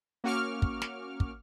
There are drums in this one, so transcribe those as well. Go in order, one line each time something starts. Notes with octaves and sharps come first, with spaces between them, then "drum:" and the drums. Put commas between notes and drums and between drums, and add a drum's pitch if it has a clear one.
A#3 C#4 F#4 C#6 D6 F6
drum: kick
drum: snare
drum: kick